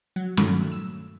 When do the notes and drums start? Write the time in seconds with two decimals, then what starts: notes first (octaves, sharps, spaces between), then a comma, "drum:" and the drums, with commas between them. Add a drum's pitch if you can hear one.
0.16 F#3 F#5
0.37 G2 A#2 D#3 F#3 A3, drum: snare
0.72 E6